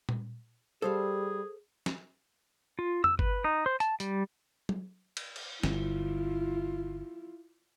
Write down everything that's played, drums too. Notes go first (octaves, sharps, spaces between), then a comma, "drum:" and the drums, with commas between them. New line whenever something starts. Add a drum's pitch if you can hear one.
drum: tom A#2
G3 G#4 A4 C5 F5
drum: snare
F4
E6, drum: tom F2
B4, drum: kick G1
D#4
C5
A5, drum: hi-hat
G3, drum: hi-hat
drum: tom
drum: cymbal
drum: cymbal
G1 E4 F4, drum: snare